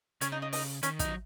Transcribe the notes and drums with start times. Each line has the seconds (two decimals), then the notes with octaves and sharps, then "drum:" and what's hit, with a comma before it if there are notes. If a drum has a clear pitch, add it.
0.21 C#3 C#4, drum: hi-hat
0.32 D#4
0.42 D#4
0.53 D#4, drum: open hi-hat
0.83 D#3 C#4, drum: hi-hat
0.99 D#4, drum: kick, hi-hat
1.05 F#3